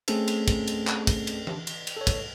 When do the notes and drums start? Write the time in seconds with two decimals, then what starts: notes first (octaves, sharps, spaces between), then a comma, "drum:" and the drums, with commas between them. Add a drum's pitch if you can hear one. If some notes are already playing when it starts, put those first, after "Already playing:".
0.08 A3 C4 C#4 G#4 A4 C5, drum: cymbal
0.28 drum: cymbal
0.48 drum: kick, cymbal
0.67 drum: cymbal
0.87 drum: clap
1.07 drum: kick, cymbal
1.27 drum: cymbal
1.47 drum: tom E3
1.67 drum: cymbal
1.87 drum: cymbal
1.97 A4 C#5
2.07 drum: kick, cymbal